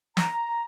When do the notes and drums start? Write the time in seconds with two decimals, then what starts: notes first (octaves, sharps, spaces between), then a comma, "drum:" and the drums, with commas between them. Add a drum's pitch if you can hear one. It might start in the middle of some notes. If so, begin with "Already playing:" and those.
0.17 A#5, drum: snare